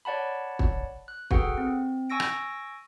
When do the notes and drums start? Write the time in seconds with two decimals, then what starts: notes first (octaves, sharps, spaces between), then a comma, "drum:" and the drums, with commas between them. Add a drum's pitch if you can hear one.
0.05 C#5 D5 F#5 A5 B5
0.59 drum: kick
1.08 F#6
1.31 F#4 G#4 A4 B4 F#5 G5, drum: kick
1.58 C4
2.10 G#5 C#6 E6 A#6 D7
2.20 drum: rim click